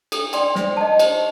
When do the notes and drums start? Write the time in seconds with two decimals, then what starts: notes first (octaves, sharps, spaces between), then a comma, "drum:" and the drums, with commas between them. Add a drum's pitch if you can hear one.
0.12 A4, drum: cymbal
0.33 D5 G5 C6, drum: cymbal
0.55 C5, drum: snare
0.77 D#5 A5
1.00 C5, drum: cymbal